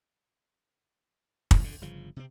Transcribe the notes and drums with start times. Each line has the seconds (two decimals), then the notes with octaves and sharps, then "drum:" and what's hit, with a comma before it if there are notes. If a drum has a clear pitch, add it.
1.51 A1, drum: kick
1.63 F2 D3
1.81 G1 C#3 F3
2.16 C3 C4